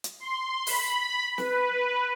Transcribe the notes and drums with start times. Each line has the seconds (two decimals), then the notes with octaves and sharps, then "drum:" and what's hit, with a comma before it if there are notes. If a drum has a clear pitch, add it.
0.04 drum: hi-hat
0.20 C6
0.67 B5, drum: open hi-hat
1.38 B4, drum: snare